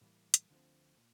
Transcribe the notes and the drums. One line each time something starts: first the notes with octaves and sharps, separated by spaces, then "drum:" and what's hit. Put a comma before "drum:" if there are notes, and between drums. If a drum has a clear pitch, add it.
A2 E3 G3 A#3
drum: hi-hat
D2 D3 F3 A3 C4
A#2